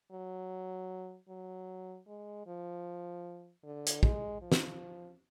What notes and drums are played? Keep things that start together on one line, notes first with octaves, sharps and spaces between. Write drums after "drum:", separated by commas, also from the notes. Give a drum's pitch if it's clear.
F#3
F#3
G#3
F3
D3
drum: hi-hat
G#3, drum: kick
F3
drum: snare